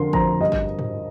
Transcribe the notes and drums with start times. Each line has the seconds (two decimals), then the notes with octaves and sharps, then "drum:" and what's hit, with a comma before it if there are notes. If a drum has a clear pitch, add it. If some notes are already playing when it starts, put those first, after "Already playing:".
Already playing: F2 D3 A#4 C6
0.13 F2 A#5, drum: kick
0.40 G2 D#5
0.52 drum: kick
0.79 drum: tom